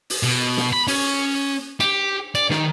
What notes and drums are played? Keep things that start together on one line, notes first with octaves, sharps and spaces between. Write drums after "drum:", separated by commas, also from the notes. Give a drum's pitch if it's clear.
drum: open hi-hat
B2
drum: snare
B5
C#4, drum: open hi-hat
G4, drum: cymbal
D5, drum: cymbal
D#3, drum: snare